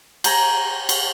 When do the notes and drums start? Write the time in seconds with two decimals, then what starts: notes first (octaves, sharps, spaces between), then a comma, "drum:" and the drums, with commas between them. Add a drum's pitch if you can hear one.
0.24 G5 G#5 A#5, drum: cymbal
0.89 drum: cymbal